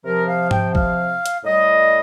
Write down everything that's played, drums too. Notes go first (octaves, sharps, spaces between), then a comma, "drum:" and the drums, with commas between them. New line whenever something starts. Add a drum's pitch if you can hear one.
C3 F3 A#4
F5
G5, drum: tom G#2
F5, drum: kick
drum: hi-hat
A2 G3 D#5